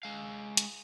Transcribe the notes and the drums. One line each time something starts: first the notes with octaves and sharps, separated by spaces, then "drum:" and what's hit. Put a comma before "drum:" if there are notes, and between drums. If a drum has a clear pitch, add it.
G#3 F5
drum: hi-hat